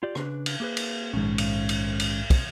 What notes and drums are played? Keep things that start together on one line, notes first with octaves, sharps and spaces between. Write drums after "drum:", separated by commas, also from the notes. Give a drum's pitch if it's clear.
F4 G4 D5
C#3 D4 B4, drum: rim click
drum: cymbal
A#3 G#4 B4
drum: cymbal
A#1 G#2 D#3 G#3 C#4
drum: cymbal
drum: cymbal
drum: cymbal
drum: kick, cymbal